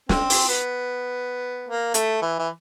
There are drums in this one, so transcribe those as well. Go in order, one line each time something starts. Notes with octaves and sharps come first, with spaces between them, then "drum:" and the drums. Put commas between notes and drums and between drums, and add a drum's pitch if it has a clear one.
C4, drum: snare
drum: open hi-hat
B3
A#3
A3, drum: hi-hat
E3
E3